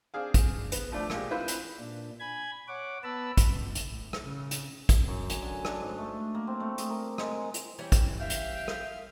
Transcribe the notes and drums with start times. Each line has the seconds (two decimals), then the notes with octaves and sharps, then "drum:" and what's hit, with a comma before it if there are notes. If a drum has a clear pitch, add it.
0.14 C4 D4 G#4 F5
0.34 drum: kick, hi-hat
0.72 B3, drum: hi-hat
0.92 F3 A3 D4
1.10 A#2 G#3 G4, drum: rim click
1.30 C4 E4 F4 B4 C5
1.48 drum: hi-hat
1.79 A#2 D4
2.20 G#5 B5 G#6
2.68 C#5 F#5 D6
3.04 B3 B4 A5 B5 E6
3.37 drum: kick, hi-hat
3.54 C#2
3.75 drum: hi-hat
3.85 A2
4.13 drum: rim click
4.23 C#3
4.51 drum: hi-hat
4.89 drum: kick, hi-hat
5.08 F#2
5.30 G#5, drum: hi-hat
5.42 D3
5.65 D4, drum: rim click
5.80 G#2
5.98 A3
6.35 A#3
6.47 C4
6.60 A3
6.78 G#4, drum: hi-hat
6.90 A#4
7.18 G#3, drum: rim click
7.54 drum: hi-hat
7.79 E3 G3 C#4
7.92 drum: kick, hi-hat
8.20 E5 F5 G5
8.30 drum: hi-hat
8.68 drum: rim click